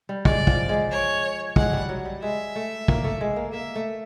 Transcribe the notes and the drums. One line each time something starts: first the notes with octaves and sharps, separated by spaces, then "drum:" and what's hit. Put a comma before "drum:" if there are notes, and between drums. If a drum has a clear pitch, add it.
G3
G#3 D5, drum: kick
F3, drum: kick
G#3
C#5
G#3 F#5, drum: kick
G3
F#3
G3
G#3 E5
A3
A#3, drum: kick
A3
G#3
A#3
A#3 E5
A3